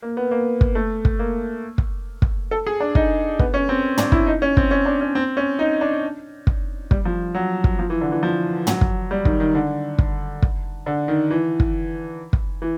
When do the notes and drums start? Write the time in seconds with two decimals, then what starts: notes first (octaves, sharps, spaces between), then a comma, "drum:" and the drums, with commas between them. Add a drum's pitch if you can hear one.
0.02 A#3
0.17 B3
0.31 A#3
0.61 drum: kick
0.75 A3
1.05 drum: kick
1.19 A#3
1.78 drum: kick
2.22 drum: kick
2.51 A4
2.67 G#4
2.80 D4
2.95 D#4, drum: kick
3.39 B3, drum: kick
3.54 C#4
3.69 C4
3.98 D4, drum: tom
4.12 E4, drum: kick
4.26 D#4
4.42 C#4
4.57 C4, drum: kick
4.71 C#4
4.86 D4
5.01 C#4
5.15 C4
5.37 C#4
5.59 D#4
5.81 D4
6.47 drum: kick
6.91 G3, drum: kick
7.05 F3
7.35 F#3
7.64 drum: kick
7.79 F3
7.90 E3
8.01 D3
8.12 E3
8.23 F3
8.67 F#3, drum: tom
8.81 drum: kick
9.11 G3
9.25 D#3, drum: kick
9.40 D#3
9.55 D3
9.98 drum: kick
10.42 drum: kick
10.86 D3
11.08 D#3
11.31 E3
11.60 drum: kick
12.33 drum: kick
12.62 E3